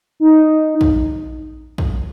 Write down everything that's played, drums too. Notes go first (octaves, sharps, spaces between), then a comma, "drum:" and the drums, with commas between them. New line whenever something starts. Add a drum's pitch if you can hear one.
D#4
drum: kick
drum: kick